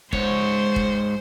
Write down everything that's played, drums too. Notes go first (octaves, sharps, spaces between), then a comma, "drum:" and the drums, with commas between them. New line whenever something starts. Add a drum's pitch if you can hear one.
G#2 C5 C#5, drum: kick
drum: kick